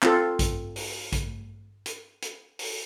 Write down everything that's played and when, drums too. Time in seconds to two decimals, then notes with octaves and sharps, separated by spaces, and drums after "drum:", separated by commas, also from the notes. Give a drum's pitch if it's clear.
0.02 C4 F4 A4, drum: clap
0.39 drum: kick A1, hi-hat
0.76 drum: open hi-hat
1.12 drum: kick A1, hi-hat
1.86 drum: hi-hat
2.22 drum: hi-hat
2.59 drum: open hi-hat